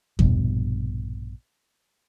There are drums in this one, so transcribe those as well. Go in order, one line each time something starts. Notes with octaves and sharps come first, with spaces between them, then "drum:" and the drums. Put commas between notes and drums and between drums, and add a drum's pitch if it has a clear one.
A#1 G2 B2, drum: kick E2